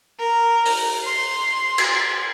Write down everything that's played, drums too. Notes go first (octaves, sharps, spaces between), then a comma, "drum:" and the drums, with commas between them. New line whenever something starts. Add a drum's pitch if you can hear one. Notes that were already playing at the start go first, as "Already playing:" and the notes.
A#4
drum: open hi-hat
C6
drum: cymbal